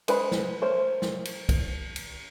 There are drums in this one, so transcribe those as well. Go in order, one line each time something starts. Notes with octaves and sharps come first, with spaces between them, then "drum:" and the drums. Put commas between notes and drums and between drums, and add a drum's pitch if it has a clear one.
G#3 B4 C5 B5, drum: cymbal
drum: snare
A3 A#4 C5 C#5
drum: snare
drum: cymbal
drum: kick, cymbal
drum: cymbal